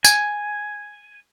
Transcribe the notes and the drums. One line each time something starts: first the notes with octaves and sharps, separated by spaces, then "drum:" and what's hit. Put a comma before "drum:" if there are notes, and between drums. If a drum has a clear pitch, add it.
G#5, drum: tambourine